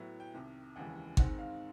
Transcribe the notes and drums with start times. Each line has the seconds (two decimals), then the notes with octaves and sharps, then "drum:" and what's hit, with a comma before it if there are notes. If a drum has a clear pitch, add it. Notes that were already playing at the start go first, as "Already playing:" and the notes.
Already playing: A2 F#3 B3 E4
0.20 G5
0.33 C2 C3 D#3
0.76 F1 D#2 C#3 E3 G#3 F#5
1.17 G#2 D#3 G#3 C4 D#4 F#5, drum: kick G#1
1.38 F5